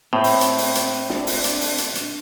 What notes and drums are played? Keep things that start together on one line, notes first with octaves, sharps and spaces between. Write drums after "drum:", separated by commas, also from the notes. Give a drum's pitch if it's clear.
A2 C4
drum: open hi-hat
drum: hi-hat
drum: open hi-hat
drum: hi-hat
D4, drum: snare
drum: open hi-hat
drum: hi-hat
drum: open hi-hat
drum: hi-hat
drum: hi-hat